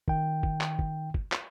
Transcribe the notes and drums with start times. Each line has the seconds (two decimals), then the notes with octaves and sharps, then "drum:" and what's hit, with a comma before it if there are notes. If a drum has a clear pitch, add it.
0.08 D#3 G5, drum: kick
0.43 drum: kick
0.61 drum: clap
0.79 drum: kick
1.14 drum: kick
1.32 drum: clap